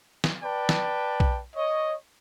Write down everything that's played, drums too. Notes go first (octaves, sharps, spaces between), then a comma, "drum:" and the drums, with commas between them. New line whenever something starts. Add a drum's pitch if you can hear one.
drum: snare
B4 D5 G5 A5
drum: snare
drum: kick B1
C#5 D#5